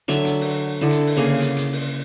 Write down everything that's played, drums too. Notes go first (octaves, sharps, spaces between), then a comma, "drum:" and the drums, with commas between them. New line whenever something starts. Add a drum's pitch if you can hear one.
D3 F#3 E5, drum: hi-hat
drum: hi-hat
drum: open hi-hat
D3 E4
drum: hi-hat
drum: open hi-hat
C#3 A#3 G#4
drum: hi-hat
drum: hi-hat
drum: open hi-hat